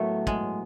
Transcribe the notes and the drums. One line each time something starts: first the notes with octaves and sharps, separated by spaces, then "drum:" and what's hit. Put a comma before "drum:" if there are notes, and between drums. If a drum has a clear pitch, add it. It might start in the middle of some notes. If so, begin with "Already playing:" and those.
Already playing: A2 F#3 A3 B3
G#3, drum: kick